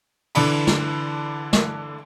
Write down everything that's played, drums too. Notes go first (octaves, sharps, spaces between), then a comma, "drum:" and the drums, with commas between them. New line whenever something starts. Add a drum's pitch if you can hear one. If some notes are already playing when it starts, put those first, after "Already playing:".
D3 E3 D4 B5, drum: cymbal
drum: snare
drum: snare